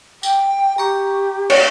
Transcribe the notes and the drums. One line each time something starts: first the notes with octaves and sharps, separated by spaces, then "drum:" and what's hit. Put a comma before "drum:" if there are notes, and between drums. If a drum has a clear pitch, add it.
G5, drum: tambourine
G4 A#5 C#6
C#5, drum: cymbal